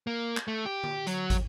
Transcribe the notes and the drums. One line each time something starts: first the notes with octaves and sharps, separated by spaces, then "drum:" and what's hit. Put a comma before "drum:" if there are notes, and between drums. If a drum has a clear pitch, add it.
A#3
drum: clap
A3
G4
drum: tom D3
F#3, drum: hi-hat
drum: kick, hi-hat